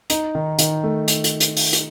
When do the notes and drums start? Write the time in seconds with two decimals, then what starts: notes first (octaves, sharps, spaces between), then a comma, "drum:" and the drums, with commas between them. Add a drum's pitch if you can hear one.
0.10 D#4, drum: hi-hat
0.35 D#3
0.59 D#3, drum: hi-hat
0.84 A3
1.08 drum: hi-hat
1.24 drum: hi-hat
1.40 drum: hi-hat
1.57 drum: open hi-hat
1.73 drum: hi-hat